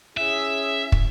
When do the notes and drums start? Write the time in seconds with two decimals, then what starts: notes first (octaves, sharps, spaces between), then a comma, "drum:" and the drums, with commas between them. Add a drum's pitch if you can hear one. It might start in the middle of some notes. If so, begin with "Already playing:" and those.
0.17 C#4 E4 G#4 E5
0.92 drum: kick